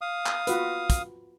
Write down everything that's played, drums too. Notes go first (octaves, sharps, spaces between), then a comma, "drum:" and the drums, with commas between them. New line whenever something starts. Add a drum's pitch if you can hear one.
F5 D#6
drum: clap
F4 F#4 B4, drum: hi-hat
drum: kick, hi-hat